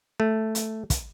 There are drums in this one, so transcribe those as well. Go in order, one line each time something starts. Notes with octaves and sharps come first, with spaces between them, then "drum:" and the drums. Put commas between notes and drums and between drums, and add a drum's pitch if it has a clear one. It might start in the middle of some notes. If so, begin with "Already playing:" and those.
A3
drum: hi-hat
drum: kick, hi-hat